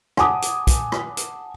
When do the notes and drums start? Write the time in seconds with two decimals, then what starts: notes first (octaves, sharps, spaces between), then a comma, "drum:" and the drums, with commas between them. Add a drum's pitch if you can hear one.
0.17 F#5 G#5 A5 D6 D#6, drum: rim click
0.42 drum: hi-hat
0.67 drum: kick, hi-hat
0.92 drum: rim click
1.17 drum: hi-hat